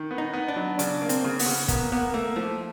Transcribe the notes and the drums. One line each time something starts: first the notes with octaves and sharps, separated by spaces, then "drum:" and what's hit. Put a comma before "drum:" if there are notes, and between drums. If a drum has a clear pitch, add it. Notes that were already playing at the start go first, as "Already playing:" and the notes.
Already playing: D#3
B3
D#4
B3
D4
F#3
C#3 D4, drum: hi-hat
A#3
C4, drum: hi-hat
C#3
B3, drum: open hi-hat
C#3
A#3 B3, drum: kick, hi-hat
A#3 B3
A3 A#3
F3 A3